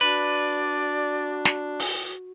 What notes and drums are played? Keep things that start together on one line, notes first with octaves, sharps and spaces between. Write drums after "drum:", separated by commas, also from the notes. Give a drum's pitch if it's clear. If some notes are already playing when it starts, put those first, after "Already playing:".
D4 F#4 B4 D5
drum: snare
drum: open hi-hat